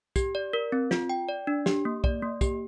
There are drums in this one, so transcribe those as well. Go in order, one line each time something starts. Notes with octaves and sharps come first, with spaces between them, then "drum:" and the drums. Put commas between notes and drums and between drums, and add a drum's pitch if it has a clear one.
G4, drum: kick, hi-hat
D5
A#4
C4
F4, drum: snare
G5
D5
D4
G4, drum: snare
A#3
D5, drum: kick
A#3
G4, drum: kick, hi-hat